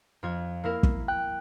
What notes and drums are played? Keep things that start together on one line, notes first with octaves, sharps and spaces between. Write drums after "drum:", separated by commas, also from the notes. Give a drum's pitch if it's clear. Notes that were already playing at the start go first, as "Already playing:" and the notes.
F2 F4 G#6
A#3 E4 A#4
drum: kick
G5 F#6